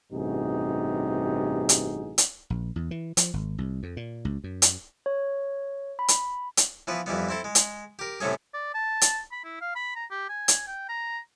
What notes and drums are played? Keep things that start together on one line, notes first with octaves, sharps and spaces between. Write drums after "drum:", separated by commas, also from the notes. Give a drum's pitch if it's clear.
A1 G2 C3 D#4 F#4 G#4
drum: hi-hat
drum: hi-hat
A#1
E2
E3
F3, drum: hi-hat
G#1
C2
F2
A#2
C#2
F#2
drum: hi-hat
C#5
B5
drum: hi-hat
drum: hi-hat
E3 F3 B3 B4
F2 E3 G3 B3
C4 E4 A4
G#3
drum: hi-hat
G4 A#4
A2 C3 A3 C#4 G#4
D5
A5
drum: hi-hat
B5
E4
F5
B5
A#5
G4
G#5
drum: hi-hat
G5
A#5